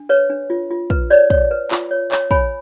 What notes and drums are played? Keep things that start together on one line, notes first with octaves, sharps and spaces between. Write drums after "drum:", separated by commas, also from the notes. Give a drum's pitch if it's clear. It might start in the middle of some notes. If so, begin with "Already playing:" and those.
Already playing: D4
B4 C#5
D4
F4
F4
B4, drum: kick
C#5 D5
C#5, drum: kick
B4
F4, drum: clap
C#5
C#5, drum: clap
C#5 G#5 B5, drum: kick